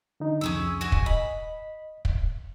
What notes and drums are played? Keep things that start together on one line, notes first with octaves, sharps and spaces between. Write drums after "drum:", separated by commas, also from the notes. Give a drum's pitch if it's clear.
D3 D#4
C2 F2 C#4 G#4 E6
F#4 G#5
drum: kick
D#5 B5
drum: kick